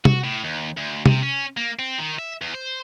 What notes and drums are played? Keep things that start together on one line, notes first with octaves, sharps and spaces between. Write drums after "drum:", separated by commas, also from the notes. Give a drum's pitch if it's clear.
F#4, drum: tom
A2
D#2
D2
C3, drum: tom
C#4
A#3
C4
D#3
E5
E2
C5